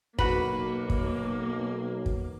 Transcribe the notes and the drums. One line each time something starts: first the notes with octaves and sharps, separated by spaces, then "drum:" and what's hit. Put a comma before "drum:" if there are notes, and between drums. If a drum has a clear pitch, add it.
B1 A#3 F#4 B4 B5, drum: kick
drum: kick
drum: kick